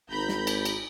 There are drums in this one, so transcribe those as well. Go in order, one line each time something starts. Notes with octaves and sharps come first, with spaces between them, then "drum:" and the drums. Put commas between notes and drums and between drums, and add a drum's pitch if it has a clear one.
G#1 A#5 B5 G6
drum: snare
drum: cymbal
drum: cymbal